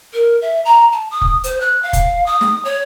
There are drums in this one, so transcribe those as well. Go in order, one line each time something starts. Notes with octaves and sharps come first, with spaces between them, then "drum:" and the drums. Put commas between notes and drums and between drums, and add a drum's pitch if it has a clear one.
A#4
E5
A#5
A5
D#6
drum: kick
C5, drum: hi-hat
F#6
F5
drum: kick, hi-hat
D#6
drum: snare
C#5